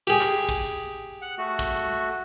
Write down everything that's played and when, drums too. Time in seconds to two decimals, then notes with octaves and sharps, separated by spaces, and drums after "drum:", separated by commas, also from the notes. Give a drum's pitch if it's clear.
0.07 G4 G#4
0.21 drum: clap
0.49 drum: kick
1.22 F#5
1.38 A3 F#4
1.59 drum: kick